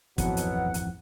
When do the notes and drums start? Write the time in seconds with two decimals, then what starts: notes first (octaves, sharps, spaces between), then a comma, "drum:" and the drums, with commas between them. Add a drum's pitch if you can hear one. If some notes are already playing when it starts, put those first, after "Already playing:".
0.18 D#1 G#1 F2 B2 E3 F#3 F#5, drum: kick, hi-hat
0.37 drum: hi-hat
0.74 drum: hi-hat